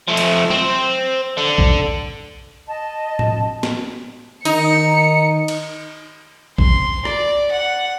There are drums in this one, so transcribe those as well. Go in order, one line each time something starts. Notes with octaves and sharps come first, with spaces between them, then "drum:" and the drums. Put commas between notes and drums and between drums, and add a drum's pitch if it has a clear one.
F3 A3
drum: cymbal
C4, drum: tom F#3
D3
drum: kick
D#5 A5
drum: tom A2
drum: snare B3
D#3 D#4 C#7, drum: hi-hat
drum: cymbal
C6, drum: kick
D5, drum: rim click
F#5